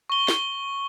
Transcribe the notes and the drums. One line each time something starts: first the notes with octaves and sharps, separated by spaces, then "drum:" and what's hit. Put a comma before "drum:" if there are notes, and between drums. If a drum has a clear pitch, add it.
C#6 G7
drum: snare